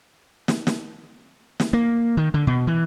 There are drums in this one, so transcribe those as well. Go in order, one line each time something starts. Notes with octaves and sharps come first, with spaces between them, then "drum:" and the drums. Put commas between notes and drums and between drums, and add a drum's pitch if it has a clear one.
drum: snare
drum: snare
drum: snare
A#3
D#3
D3
B2
E3